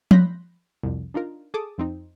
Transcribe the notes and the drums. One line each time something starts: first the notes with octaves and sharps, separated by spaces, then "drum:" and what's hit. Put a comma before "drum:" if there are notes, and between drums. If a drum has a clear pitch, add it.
B5 C6 F#6 G6 A#6 B6, drum: tom F3
C2 F2
D4 D#4 F4 A#4
G#4 A4 A5 D6 D#6
F2 C4 D#4